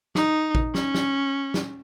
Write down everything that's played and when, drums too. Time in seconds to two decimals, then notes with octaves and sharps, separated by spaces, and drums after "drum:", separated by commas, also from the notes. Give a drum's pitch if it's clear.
0.15 D#4, drum: snare
0.55 drum: kick A1
0.75 C#4, drum: snare
0.94 drum: snare
1.54 drum: snare